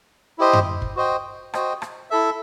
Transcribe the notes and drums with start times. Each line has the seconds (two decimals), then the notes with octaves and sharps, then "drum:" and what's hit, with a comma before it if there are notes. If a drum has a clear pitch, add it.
0.38 E4 G4 C5 D#5
0.53 drum: tom F#2
0.82 drum: kick
0.96 F#4 C5 D#5 G5
1.53 F#4 C5 D#5 G5, drum: rim click
1.82 drum: rim click
2.10 E4 A4 E5